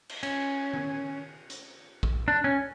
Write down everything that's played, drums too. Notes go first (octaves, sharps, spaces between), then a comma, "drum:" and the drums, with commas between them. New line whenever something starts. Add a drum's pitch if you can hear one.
drum: cymbal
C#4, drum: cymbal
drum: tom D#3
drum: hi-hat
drum: kick
D4
C#4